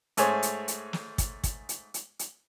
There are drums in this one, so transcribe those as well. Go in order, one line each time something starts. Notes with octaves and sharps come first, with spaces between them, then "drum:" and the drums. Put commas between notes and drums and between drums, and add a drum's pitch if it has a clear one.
G#2 A3 G#4 C5 C#5 G#5, drum: hi-hat
drum: hi-hat
drum: hi-hat
drum: snare
drum: kick, hi-hat
drum: kick, hi-hat
drum: hi-hat
drum: hi-hat
drum: hi-hat